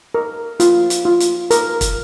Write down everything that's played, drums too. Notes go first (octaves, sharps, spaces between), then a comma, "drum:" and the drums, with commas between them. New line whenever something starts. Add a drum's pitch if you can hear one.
A#4
F4, drum: hi-hat
drum: hi-hat
F4
drum: hi-hat
A#4, drum: hi-hat
drum: kick, hi-hat